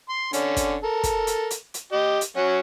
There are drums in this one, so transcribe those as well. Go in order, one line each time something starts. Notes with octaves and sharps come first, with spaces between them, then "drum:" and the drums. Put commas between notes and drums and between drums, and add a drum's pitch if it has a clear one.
C6
D3 C#4, drum: hi-hat
drum: kick, hi-hat
A4 A#4
drum: kick, hi-hat
drum: hi-hat
drum: hi-hat
drum: hi-hat
G4 D#5
drum: hi-hat
F#3 C#4 F#4